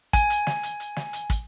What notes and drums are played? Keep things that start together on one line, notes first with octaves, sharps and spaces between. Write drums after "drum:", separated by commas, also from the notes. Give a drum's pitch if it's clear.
G#5, drum: kick, hi-hat
drum: hi-hat
drum: snare
drum: hi-hat
drum: hi-hat
drum: snare
drum: hi-hat
drum: kick, hi-hat